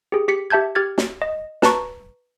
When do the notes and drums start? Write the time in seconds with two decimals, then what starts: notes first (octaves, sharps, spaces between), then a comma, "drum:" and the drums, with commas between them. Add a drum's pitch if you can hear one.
0.12 G4 G#4
0.28 G4 B6 C#7
0.50 G4 E5 A5 G6 G#6
0.75 G4 F6 G#6 A6
0.98 drum: snare
1.22 D#5
1.62 B4 A5 A#5 C#6, drum: snare